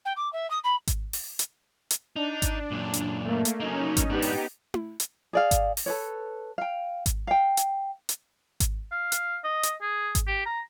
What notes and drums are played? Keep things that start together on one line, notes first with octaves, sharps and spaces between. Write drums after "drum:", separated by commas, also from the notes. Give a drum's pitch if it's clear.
G5
D6
E5
D#6
B5
drum: kick G#1, hi-hat
drum: open hi-hat
drum: hi-hat
drum: hi-hat
D4 D#4
drum: kick G#1, hi-hat
F#2 A#2
drum: hi-hat
A3 A#3
drum: hi-hat
F#3 A#3 C#4 D#4
drum: kick G#1, hi-hat
G#2 B3 D4 D#4 G4
drum: open hi-hat
drum: tom E4
drum: hi-hat
G#4 D5 F5
drum: kick G#1, hi-hat
drum: open hi-hat
A4 B4 C#5
F5 G5
drum: kick G#1, hi-hat
F5 G5
drum: hi-hat
drum: hi-hat
drum: kick G#1, hi-hat
F5
drum: hi-hat
D#5
drum: hi-hat
G#4
drum: kick G#1, hi-hat
G4
A#5